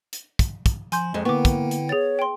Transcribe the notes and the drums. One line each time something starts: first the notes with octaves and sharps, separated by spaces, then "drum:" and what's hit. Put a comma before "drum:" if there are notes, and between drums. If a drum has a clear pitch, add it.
drum: hi-hat
drum: kick, hi-hat
drum: kick, hi-hat
F3 G#5 C6 G6, drum: hi-hat
F2 G#3 D#5
D3 A#3 B3 E4 G5 C#6 D6
drum: kick, hi-hat
drum: hi-hat
G#4 C#5 A6
G5 C6